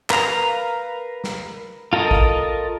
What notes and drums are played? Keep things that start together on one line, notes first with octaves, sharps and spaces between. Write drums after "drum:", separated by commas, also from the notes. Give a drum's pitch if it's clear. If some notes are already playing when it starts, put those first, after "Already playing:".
A#4 B4 F5 A#5, drum: clap
drum: snare
F4 A4 A#4 D#5
drum: kick A1